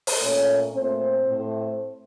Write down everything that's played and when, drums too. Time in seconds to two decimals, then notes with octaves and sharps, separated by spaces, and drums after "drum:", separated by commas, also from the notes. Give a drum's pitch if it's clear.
0.07 drum: open hi-hat
0.21 A#2 A3 C#4 C#5
0.73 A#2 A3 C4 C5
1.25 A2 A3